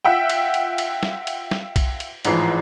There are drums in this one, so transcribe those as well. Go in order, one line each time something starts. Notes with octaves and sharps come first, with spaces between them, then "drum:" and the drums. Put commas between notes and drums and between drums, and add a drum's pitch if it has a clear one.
F4 E5 F#5 G5
drum: cymbal
drum: cymbal
drum: cymbal
drum: snare
drum: cymbal
drum: snare
drum: kick B1, cymbal
drum: cymbal
A1 G#2 E3 F3 C7, drum: cymbal